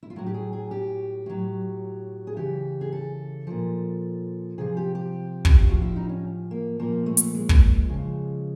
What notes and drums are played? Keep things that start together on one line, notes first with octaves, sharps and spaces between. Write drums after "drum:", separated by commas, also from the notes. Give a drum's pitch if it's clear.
E4
F4
A2 F#3 F#4
G4
G#4
G#4
G4
A2 F#3
G#4
C#3 E3 G4
G#4
A4
A#2 F3
C3 F3 G#4
G4
G4
drum: kick
F4
A2 F3 F#4
E4
D#4
C#4
A#3
A#2 F3 A#3
A3
drum: hi-hat
G#3
drum: kick
C#3 F3